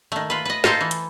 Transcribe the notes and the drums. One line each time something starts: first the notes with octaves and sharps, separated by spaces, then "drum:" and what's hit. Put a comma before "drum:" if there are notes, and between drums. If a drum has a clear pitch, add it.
D#3 A3
F4 B4
B4 D#5
D#4 F4 A4 C5 F5, drum: snare
E3
drum: hi-hat